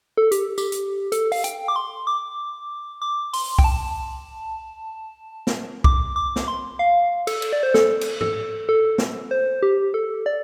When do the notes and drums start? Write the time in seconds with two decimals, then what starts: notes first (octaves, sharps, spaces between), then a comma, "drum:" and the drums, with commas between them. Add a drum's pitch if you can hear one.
0.17 A4
0.31 G4, drum: hi-hat
0.58 G4, drum: tambourine
0.72 drum: hi-hat
1.12 A4, drum: hi-hat
1.32 F5, drum: open hi-hat
1.44 G5, drum: hi-hat
1.68 D6
1.76 C6
2.07 D6
3.02 D6
3.33 C6, drum: open hi-hat
3.59 G5, drum: kick C2
3.64 A5
5.47 drum: snare
5.84 D6, drum: kick C2
6.16 D6
6.36 drum: snare
6.48 C6
6.79 F5
7.27 A4, drum: cymbal
7.42 drum: cymbal
7.53 D5
7.63 C5
7.74 A4, drum: snare
8.01 drum: cymbal
8.21 A4, drum: tom
8.69 A4
8.98 drum: snare
9.31 C5
9.63 G4
9.94 A4
10.26 D5